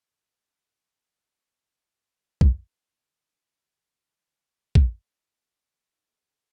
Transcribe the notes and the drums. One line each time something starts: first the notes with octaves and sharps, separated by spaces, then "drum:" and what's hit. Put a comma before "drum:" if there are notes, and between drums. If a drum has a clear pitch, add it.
F#2 D3 A4
C4 D#4 A5
D#3 F#3 G#3
F4 D5 G#5 A#5
F#4
A5 C#6
drum: kick
D3
drum: kick
F3 F4
D4 D#4 C#5
D#3 G#3 A4 C5